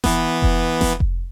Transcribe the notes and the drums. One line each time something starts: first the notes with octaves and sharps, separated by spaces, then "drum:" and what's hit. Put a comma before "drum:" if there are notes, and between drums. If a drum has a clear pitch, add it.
E3 B3, drum: snare F1
drum: kick F1
drum: snare F1
drum: kick F1